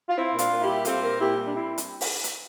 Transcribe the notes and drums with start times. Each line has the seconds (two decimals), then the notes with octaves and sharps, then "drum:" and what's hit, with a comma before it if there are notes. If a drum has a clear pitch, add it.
0.09 F4
0.15 C4 E4
0.33 A#2
0.39 D4 F4, drum: hi-hat
0.50 A#2
0.62 E4 G4
0.68 G3
0.85 C4 F4 A4, drum: hi-hat
1.02 A#2 G4 A#4
1.20 A#2 E4 G4
1.37 G3
1.45 D4
1.54 C4 E4
1.78 drum: hi-hat
2.01 drum: open hi-hat
2.24 drum: hi-hat